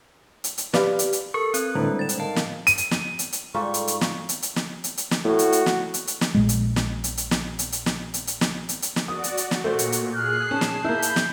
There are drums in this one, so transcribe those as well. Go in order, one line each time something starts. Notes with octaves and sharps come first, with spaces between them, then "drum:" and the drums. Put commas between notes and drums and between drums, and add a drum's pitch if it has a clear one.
drum: hi-hat
drum: hi-hat
G4 B4 D5 F5, drum: snare
drum: hi-hat
drum: hi-hat
A4 A#4 C#6
C4 B4 F#6, drum: hi-hat
A2 D3 E3 G3 G#3
C4 A6 E7
drum: hi-hat
D#3 F5 A5
drum: snare
D#7, drum: hi-hat
drum: hi-hat
drum: snare
drum: hi-hat
drum: hi-hat
G#2 G3 F4 A4 C#6
drum: hi-hat
drum: hi-hat
drum: snare
drum: hi-hat
drum: hi-hat
drum: snare
drum: hi-hat
drum: hi-hat
drum: snare
A2 F#4
drum: hi-hat
drum: hi-hat
drum: snare
drum: hi-hat
drum: hi-hat
drum: snare
A#1 A#2 G#3
drum: hi-hat
drum: snare
drum: hi-hat
drum: hi-hat
drum: snare
drum: hi-hat
drum: hi-hat
drum: snare
drum: hi-hat
drum: hi-hat
drum: snare
drum: hi-hat
drum: hi-hat
drum: snare
F#4 D5 D#6
drum: hi-hat
drum: hi-hat
drum: snare
A#2 A3 F#4 C5
drum: hi-hat
drum: hi-hat
G#4 F6 F#6 C7
C#4 A5
drum: snare
A#3 E4 B5 G6
drum: hi-hat
drum: snare